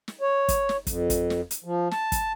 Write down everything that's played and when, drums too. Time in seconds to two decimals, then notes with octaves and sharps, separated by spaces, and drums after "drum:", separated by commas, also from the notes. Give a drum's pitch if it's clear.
0.08 drum: snare
0.21 C#5
0.48 drum: kick, hi-hat
0.69 drum: snare
0.87 F2, drum: kick, hi-hat
1.10 drum: kick, hi-hat
1.30 drum: snare
1.51 drum: hi-hat
1.64 F3
1.91 A5, drum: snare
2.12 drum: kick, hi-hat